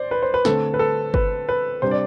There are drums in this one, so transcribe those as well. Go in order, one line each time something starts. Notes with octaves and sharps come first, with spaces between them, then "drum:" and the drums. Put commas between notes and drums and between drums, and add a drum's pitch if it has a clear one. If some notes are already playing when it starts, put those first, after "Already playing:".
Already playing: C5 D5
B4
C5
B4
D3 A3 C4 A4, drum: snare
B4
A4
B4, drum: kick G1
B4
C3 G3 D4 C5
D5